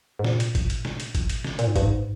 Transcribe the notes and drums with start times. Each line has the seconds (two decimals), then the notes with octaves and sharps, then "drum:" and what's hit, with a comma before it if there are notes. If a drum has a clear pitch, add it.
0.19 G#2
0.24 A#2, drum: snare
0.40 drum: hi-hat
0.55 drum: kick G#1, hi-hat
0.70 drum: hi-hat
0.85 drum: snare
1.00 drum: hi-hat
1.15 drum: kick G#1, hi-hat
1.30 drum: hi-hat
1.44 drum: snare
1.59 A#2, drum: hi-hat
1.67 G#2
1.76 G2, drum: kick G#1, hi-hat
1.85 G#2